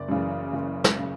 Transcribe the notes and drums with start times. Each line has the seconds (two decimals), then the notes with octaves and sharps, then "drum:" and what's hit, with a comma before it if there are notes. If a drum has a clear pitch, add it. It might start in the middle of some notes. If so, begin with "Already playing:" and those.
Already playing: F#1 D5
0.09 F#2 C#3 E3
0.53 F#1
0.84 drum: snare
0.99 C#3